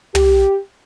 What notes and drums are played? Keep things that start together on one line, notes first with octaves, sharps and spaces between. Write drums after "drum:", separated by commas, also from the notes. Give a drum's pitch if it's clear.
G4, drum: tom